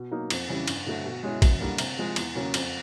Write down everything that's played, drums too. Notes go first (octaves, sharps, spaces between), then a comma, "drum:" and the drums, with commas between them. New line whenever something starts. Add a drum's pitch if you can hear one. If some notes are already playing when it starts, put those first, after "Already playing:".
Already playing: B2
F#3 A#3 D#4
F2, drum: cymbal
C#3 E3 G3
G2, drum: cymbal
D3 F#3 A3
B2
G#3 C#4 E4
F#2, drum: kick, cymbal
D3 G3 A#3
C3, drum: cymbal
F3 G#3
E2, drum: cymbal
C#3 F#3 A#3
F2, drum: cymbal